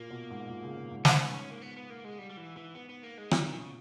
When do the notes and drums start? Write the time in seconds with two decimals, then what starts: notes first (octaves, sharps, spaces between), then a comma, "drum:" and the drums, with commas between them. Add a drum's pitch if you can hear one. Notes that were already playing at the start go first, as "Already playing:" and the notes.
Already playing: A#2 A#3
0.10 B2
0.30 G#2
0.49 A#2
0.63 C#3
0.77 B2
0.91 G#2
1.05 G#2 B3, drum: snare
1.33 C#4
1.51 A#3
1.62 B3
1.77 B3
1.90 A#3
2.04 G#3
2.19 G3
2.31 G3
2.37 E3
2.57 E3
2.75 B3
2.89 B3
3.03 A#3
3.18 G#3
3.31 A#2 G3, drum: rim click
3.47 B2 D#3
3.60 C#3